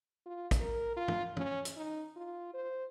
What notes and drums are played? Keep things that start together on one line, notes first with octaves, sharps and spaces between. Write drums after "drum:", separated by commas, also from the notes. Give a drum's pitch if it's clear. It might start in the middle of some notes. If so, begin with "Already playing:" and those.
F4
drum: kick, hi-hat
A#4
F4
drum: tom
C#4, drum: tom
drum: hi-hat
D#4
F4
C5